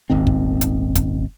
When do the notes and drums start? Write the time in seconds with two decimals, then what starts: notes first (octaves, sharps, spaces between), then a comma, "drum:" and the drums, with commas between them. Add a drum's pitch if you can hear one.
0.10 D#1 G#1 D#3 C4
0.27 drum: kick
0.61 drum: hi-hat
0.95 drum: kick, hi-hat